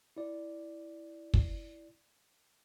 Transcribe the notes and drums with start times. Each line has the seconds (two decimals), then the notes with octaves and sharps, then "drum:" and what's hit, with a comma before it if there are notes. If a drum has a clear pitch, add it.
0.17 E4 D5
1.34 drum: kick